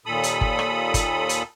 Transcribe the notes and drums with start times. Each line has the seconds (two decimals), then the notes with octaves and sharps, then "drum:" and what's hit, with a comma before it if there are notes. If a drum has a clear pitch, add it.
0.06 D#2 A#2 A4 B5 D#6
0.23 drum: hi-hat
0.41 drum: kick G1
0.59 drum: rim click
0.94 drum: kick G1, hi-hat
1.29 drum: hi-hat